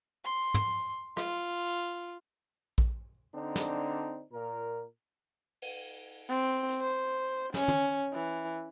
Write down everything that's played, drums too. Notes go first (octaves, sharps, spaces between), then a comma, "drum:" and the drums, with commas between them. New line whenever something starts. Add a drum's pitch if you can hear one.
C6
drum: tom
F4, drum: rim click
drum: kick A#1
D3 C4 D4 D#4
drum: snare
A#2 A#4
drum: cymbal
C4
drum: hi-hat
C5
C#4, drum: snare
drum: tom
E3